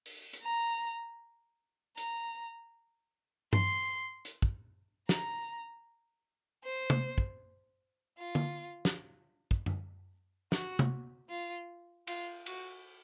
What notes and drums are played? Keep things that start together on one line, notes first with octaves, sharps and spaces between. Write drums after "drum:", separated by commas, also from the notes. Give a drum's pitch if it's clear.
drum: open hi-hat
drum: hi-hat
A#5
A#5, drum: hi-hat
C6, drum: tom G2
drum: hi-hat
drum: kick
A#5, drum: snare
C5
drum: tom C3
drum: kick
F4
drum: tom D3
drum: snare
drum: kick
drum: tom F#2
F#4, drum: snare
drum: tom C3
F4
F4, drum: cymbal
F#4, drum: cymbal